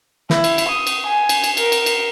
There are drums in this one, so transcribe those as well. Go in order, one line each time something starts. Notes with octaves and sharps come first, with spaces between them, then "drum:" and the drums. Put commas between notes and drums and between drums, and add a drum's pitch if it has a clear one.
E4, drum: snare
drum: cymbal
drum: cymbal
D#6
drum: cymbal
G#5
drum: cymbal
drum: cymbal
A#4, drum: cymbal
drum: cymbal
drum: cymbal